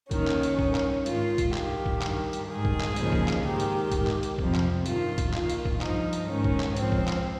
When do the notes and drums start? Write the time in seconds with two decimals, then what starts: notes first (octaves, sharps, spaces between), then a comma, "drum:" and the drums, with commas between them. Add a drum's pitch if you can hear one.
0.11 D#2 D#3 C#4, drum: kick B1, hi-hat
0.28 drum: clap
0.43 drum: hi-hat
0.59 G2 D#3, drum: kick B1
0.75 drum: clap
1.06 G#2 D#3 F4, drum: hi-hat
1.38 drum: kick B1, hi-hat
1.54 G2 D#3 G4, drum: clap
1.86 drum: kick B1
2.02 G2 D#3, drum: clap
2.33 drum: hi-hat
2.48 G#2 D#3 G#4
2.65 drum: kick B1
2.81 drum: clap
2.96 D#2 C#3 F3, drum: hi-hat
3.12 drum: kick B1
3.28 drum: clap
3.44 G#2 D#3 G4
3.60 drum: hi-hat
3.92 G#2 D#3, drum: kick B1, hi-hat
4.07 drum: clap
4.23 drum: hi-hat
4.39 F2 C3 F3, drum: kick B1
4.55 drum: clap
4.86 G2 D#3 F4, drum: hi-hat
5.18 drum: kick B1, hi-hat
5.34 D#2 D#3 F4, drum: clap
5.50 drum: hi-hat
5.65 drum: kick B1
5.81 G2 F3 D#4, drum: clap
6.13 drum: hi-hat
6.28 G#2 D#3 C#4
6.44 drum: kick B1
6.60 drum: clap
6.77 G#2 F3 C4, drum: hi-hat
6.92 drum: kick B1
7.08 drum: clap